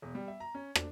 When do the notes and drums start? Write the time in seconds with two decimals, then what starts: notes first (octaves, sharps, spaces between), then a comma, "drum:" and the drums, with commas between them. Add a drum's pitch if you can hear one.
0.02 E1
0.15 G3
0.28 E5
0.40 A#5
0.54 C#4
0.75 D4, drum: rim click